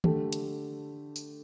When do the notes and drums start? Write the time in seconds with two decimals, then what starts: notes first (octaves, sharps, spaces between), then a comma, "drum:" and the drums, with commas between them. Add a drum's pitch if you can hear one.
0.04 D3 A3 G4, drum: tom
0.33 drum: hi-hat
1.16 drum: tambourine